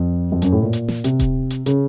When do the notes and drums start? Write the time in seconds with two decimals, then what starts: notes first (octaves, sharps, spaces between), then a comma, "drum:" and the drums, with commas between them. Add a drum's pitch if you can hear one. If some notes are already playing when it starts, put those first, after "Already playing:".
Already playing: F2
0.32 F2
0.42 F#2, drum: hi-hat
0.52 A2
0.62 A#2
0.73 drum: hi-hat
0.88 drum: snare
1.04 C3, drum: hi-hat
1.19 drum: kick D#1, hi-hat
1.50 drum: hi-hat
1.66 C#3, drum: hi-hat